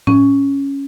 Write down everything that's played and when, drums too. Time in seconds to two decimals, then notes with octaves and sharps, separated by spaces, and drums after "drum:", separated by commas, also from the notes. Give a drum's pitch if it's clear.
0.07 C#4, drum: tom A2